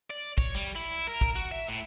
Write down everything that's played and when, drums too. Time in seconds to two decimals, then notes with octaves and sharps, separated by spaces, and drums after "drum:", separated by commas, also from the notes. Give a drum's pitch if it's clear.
0.10 D5
0.38 C#5, drum: kick
0.55 G3
0.76 E4
1.08 A#4
1.21 drum: kick
1.36 F#4
1.51 E5
1.68 A2